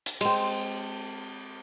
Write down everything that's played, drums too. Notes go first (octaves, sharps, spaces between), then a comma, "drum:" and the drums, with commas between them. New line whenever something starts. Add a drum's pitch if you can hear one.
drum: hi-hat
G#3 C4, drum: cymbal